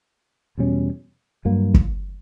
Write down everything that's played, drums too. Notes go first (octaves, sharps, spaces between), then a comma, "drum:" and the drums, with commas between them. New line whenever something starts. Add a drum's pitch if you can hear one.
E2 B2 G3 C#4
G2 F#3 A#3
drum: kick